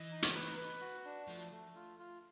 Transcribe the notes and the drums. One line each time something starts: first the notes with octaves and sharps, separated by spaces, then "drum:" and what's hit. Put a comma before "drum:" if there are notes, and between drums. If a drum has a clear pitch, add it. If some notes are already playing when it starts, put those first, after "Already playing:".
Already playing: E3 D#5
D#4
drum: hi-hat
B4
B4
F#4
D4
F3 A3
A3
F4
F4